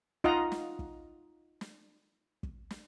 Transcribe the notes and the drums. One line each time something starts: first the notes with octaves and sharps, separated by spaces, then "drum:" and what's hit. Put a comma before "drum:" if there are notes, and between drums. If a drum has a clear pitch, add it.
D#4 F4 D#5 F5 F#5 A#5, drum: kick
drum: snare
drum: kick
drum: snare
drum: kick
drum: snare